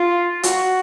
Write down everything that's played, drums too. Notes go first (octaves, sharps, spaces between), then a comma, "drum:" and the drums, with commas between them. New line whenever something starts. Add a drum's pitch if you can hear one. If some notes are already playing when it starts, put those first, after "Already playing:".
Already playing: F4
F#4, drum: hi-hat